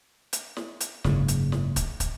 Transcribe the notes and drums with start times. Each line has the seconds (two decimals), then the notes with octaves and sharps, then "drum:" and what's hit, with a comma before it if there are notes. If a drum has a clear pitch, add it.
0.33 drum: hi-hat
0.57 drum: snare
0.80 drum: hi-hat
1.04 F#1 G#2 C#3, drum: snare
1.28 drum: hi-hat
1.52 drum: snare
1.76 drum: kick, hi-hat
2.00 drum: kick, hi-hat